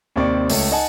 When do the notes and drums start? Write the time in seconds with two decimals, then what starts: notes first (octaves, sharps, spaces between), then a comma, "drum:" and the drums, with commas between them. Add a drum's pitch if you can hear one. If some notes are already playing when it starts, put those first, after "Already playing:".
0.16 D#2 C3 C4 D5 C#6 D6
0.50 C#2 A3 A4 C#5, drum: open hi-hat
0.71 D#4 D#5 F#5 G#5 A5